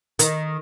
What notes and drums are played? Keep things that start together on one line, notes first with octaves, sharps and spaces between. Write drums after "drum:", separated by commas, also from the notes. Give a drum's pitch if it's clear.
D#3, drum: hi-hat